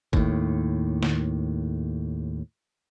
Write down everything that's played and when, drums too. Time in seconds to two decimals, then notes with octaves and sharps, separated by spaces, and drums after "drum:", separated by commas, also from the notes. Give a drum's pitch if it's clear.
0.13 D#2 A2, drum: kick
1.03 drum: snare